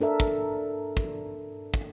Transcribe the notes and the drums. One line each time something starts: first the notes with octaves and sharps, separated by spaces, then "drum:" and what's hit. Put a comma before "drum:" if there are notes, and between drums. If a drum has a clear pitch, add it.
D4 A4 A#4 E5
drum: kick
drum: kick
drum: kick